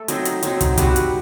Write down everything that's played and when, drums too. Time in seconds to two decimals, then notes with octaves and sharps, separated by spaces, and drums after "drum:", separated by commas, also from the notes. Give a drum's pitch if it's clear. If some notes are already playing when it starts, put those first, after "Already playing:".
Already playing: A3 A4
0.08 F#3 C4 D#4, drum: hi-hat
0.25 drum: hi-hat
0.43 F#3 C4 D#4, drum: hi-hat
0.61 drum: kick, hi-hat
0.78 G3 C4 F#4 B4, drum: kick, hi-hat
0.96 drum: hi-hat